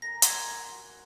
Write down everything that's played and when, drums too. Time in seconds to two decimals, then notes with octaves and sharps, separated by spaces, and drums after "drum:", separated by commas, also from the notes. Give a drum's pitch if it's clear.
0.02 A#4 G#5 A#5 A#6
0.22 C6 G#6, drum: hi-hat
0.51 F#5
0.69 F#4